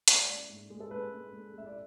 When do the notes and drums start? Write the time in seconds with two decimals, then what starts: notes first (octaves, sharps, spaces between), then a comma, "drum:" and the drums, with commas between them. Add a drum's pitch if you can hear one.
0.08 G#3 D5, drum: hi-hat
0.15 E5
0.22 D5
0.29 G#3
0.49 G#2
0.70 G#3
0.80 A4
0.91 G#3 B4
1.12 G#3
1.33 G#3
1.53 G#3 E5
1.66 D5